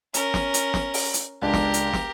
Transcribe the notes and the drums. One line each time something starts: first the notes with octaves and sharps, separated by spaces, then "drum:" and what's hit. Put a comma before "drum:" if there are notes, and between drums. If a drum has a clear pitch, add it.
C#4 A#4, drum: hi-hat
drum: snare
drum: hi-hat
drum: snare
drum: open hi-hat
drum: hi-hat
C#2 D4 G4 A#4
drum: snare
drum: hi-hat
drum: snare